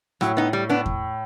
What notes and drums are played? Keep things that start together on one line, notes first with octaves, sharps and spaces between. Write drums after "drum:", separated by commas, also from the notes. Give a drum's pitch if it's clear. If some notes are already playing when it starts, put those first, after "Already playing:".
A2 F#3, drum: rim click
B3 D#4
G3
B3 D4
drum: kick E2